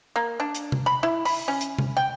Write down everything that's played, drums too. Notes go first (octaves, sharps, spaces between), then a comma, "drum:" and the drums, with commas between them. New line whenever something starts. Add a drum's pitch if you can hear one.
A#3
D4
drum: hi-hat
drum: tom C3
B5
E4
B5, drum: open hi-hat
C#4
drum: hi-hat
drum: tom C3
G5